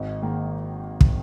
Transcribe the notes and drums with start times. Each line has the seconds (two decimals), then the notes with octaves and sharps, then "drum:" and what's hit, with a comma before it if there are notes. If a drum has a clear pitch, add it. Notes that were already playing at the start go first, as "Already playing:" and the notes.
Already playing: G#1 D#5
0.22 G#2 D#3 A#3
1.01 drum: kick